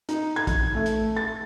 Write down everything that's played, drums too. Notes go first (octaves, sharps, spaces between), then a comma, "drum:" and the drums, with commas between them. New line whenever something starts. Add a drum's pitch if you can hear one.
D#4, drum: hi-hat
G#6
drum: kick, hi-hat
A3
drum: hi-hat
A6